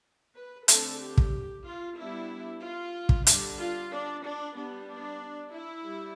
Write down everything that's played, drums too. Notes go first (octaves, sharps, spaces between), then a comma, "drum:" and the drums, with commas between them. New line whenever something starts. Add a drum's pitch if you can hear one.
B4
D3 A3 C4 A4, drum: hi-hat
G4
drum: kick
F4
G3 B3 D4 E4
F4
drum: kick
D3 G3 D4, drum: hi-hat
F4
D4
D4
G3 B3 D4
D4
E4
G3